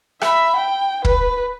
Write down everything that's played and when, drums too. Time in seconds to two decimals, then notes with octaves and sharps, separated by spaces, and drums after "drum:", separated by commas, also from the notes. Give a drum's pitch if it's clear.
0.21 E5 B5, drum: rim click
0.56 G5
1.05 B4, drum: kick